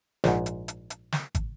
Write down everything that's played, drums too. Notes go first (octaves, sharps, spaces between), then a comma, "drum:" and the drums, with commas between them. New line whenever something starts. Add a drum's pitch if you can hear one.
A#1 G#2, drum: snare
drum: hi-hat
drum: hi-hat
drum: hi-hat
drum: snare
drum: kick, hi-hat